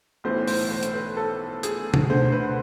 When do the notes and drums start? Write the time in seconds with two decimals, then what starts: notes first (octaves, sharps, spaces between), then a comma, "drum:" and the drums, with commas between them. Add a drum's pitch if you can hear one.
0.24 B1 A2 E3 C5
0.47 C5, drum: open hi-hat
0.71 C5
0.83 drum: hi-hat
0.94 B4
1.17 A4
1.63 G#4, drum: hi-hat
1.94 drum: tom
2.10 D2 D3 C5
2.32 B4